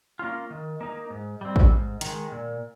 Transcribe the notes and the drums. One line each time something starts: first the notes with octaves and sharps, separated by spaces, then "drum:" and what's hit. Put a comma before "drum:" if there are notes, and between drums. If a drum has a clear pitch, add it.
A#3 C#4 F4
D#3
A#3 D#4
G#2
G3 C4
drum: kick A1
G#2
D#3 G#3, drum: hi-hat
A#2